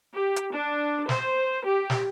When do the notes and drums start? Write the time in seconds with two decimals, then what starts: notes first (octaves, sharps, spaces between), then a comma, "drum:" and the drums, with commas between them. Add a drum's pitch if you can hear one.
0.14 G4
0.36 drum: hi-hat
0.52 D4
1.09 C5, drum: snare
1.66 G4
1.90 drum: snare